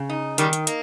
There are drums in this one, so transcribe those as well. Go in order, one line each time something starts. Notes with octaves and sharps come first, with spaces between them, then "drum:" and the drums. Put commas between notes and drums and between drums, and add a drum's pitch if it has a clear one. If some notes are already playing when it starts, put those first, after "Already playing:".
Already playing: C#3
D#4
D#3 G3, drum: hi-hat
drum: hi-hat
A#3, drum: hi-hat